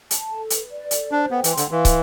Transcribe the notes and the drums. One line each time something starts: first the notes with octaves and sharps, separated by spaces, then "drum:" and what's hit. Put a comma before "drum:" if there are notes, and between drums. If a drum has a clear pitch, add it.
A5, drum: hi-hat
A4
B4, drum: hi-hat
D5
A4, drum: hi-hat
D4 C5
B3 G5
E3, drum: hi-hat
C6
D3, drum: hi-hat
E3 F5
drum: kick, hi-hat